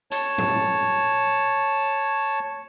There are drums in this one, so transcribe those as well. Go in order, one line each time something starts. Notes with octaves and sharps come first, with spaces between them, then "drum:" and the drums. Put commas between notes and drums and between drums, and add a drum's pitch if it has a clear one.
C#5 A5, drum: hi-hat
drum: tom A2